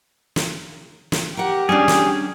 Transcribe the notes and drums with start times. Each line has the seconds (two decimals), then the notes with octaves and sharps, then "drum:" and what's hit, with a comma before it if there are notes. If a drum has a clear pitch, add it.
0.36 drum: snare
1.12 drum: snare
1.37 G4 A#4 F#5
1.69 G3 C#4 D4 G#4
1.88 drum: snare